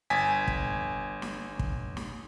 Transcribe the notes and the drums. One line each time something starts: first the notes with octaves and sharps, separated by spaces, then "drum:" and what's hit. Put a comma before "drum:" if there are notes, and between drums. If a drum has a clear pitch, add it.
G1 G#5 B6
drum: kick
drum: snare
drum: kick
drum: snare